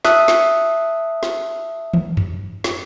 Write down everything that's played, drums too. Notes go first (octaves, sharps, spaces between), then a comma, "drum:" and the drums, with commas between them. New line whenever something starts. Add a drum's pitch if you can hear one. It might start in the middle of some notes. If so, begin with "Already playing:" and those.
E5 A5 D#6 F#6, drum: snare
drum: snare
drum: snare
drum: tom
drum: tom F2
drum: snare